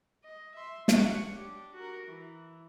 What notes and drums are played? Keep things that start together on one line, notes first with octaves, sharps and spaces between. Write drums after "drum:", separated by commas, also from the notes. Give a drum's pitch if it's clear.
D#5
E5 C6
C#5 F#5, drum: snare
D4 G4
F#4 A#4
E3